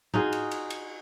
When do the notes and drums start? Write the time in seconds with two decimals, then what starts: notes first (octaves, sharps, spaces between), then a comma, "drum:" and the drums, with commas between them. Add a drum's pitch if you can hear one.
0.14 D#4 F4 F#4 G#4, drum: tom A2
0.33 drum: cymbal
0.51 drum: cymbal
0.70 drum: cymbal